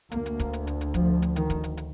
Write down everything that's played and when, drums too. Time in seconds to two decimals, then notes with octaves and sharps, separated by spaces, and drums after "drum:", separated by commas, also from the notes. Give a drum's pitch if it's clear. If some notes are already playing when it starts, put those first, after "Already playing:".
0.12 D2 A#3, drum: hi-hat
0.26 drum: hi-hat
0.40 drum: kick, hi-hat
0.53 drum: hi-hat
0.67 drum: hi-hat
0.81 drum: hi-hat
0.94 F3, drum: kick, hi-hat
1.22 drum: hi-hat
1.36 D#3, drum: hi-hat
1.50 drum: kick, hi-hat
1.64 drum: hi-hat
1.77 drum: hi-hat